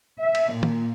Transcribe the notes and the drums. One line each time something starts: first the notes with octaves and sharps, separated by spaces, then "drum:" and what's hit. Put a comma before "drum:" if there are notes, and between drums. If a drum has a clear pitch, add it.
E5
drum: cymbal
A#2
drum: tom